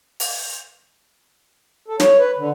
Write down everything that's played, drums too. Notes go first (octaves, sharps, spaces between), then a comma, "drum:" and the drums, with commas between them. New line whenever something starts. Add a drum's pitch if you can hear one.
drum: open hi-hat
A4
C#5, drum: snare
B4
D3